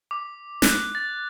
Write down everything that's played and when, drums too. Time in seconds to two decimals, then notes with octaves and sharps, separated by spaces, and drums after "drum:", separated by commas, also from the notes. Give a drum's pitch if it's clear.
0.11 D6
0.62 F#6, drum: snare
0.95 A6